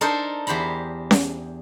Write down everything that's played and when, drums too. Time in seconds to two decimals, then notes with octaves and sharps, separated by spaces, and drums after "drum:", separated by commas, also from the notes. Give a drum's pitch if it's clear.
0.01 D4 D#4 A4 A#4 C5
0.47 E2 G4 C5 A#5 B5
1.11 drum: snare C#4